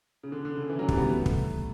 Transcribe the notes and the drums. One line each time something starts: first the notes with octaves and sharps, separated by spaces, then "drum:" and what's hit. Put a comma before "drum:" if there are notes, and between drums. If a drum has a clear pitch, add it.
C#3
D3
D3
C#3
E3
F#3
G3, drum: kick
B3
A3
drum: kick